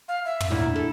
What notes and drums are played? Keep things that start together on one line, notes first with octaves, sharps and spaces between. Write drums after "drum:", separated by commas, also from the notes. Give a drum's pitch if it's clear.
F5
E5
drum: tom
D2 A#2 E4
A4